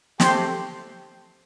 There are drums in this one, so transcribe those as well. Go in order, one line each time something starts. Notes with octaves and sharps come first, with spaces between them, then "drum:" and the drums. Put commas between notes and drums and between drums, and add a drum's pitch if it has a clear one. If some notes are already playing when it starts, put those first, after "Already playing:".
A3 C4 G4 G5 C6, drum: snare